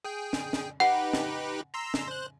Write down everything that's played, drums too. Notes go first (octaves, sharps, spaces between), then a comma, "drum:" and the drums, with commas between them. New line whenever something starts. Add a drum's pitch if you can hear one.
G#4 G5
drum: snare
drum: snare
D#4 G4 B4 F#5
drum: snare
A#5 C6 E6
drum: snare
C5 F#6